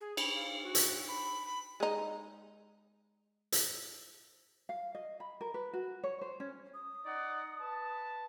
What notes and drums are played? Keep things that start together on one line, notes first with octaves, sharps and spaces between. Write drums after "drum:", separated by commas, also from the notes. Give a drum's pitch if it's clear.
G#4
B5, drum: cymbal
F5
F#4
drum: hi-hat
B5
B5
G#3 D#4
drum: hi-hat
F5
D#5
B5
A#4
B4
F#4
C#5
C5
C#4
D#6
D#4 D5 F#5
B4 A5